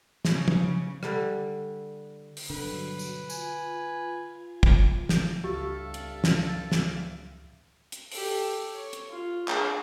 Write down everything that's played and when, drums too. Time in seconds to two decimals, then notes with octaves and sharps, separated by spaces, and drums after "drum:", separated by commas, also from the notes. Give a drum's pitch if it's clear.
0.25 C#3, drum: snare
0.48 drum: tom
1.03 D3 G3, drum: rim click
2.37 drum: open hi-hat
2.50 G2 B2 D3 F#3 B4
2.99 drum: tambourine
3.30 F4 G#5 G#6, drum: tambourine
4.63 drum: kick
5.09 drum: snare
5.44 C#2 G2 G4 A4 E5 F5
5.94 drum: hi-hat
6.24 drum: snare
6.72 drum: snare
7.92 drum: hi-hat
8.11 G4 A4, drum: open hi-hat
8.74 C#5
8.93 drum: hi-hat
9.10 F4
9.48 D4 G#4, drum: clap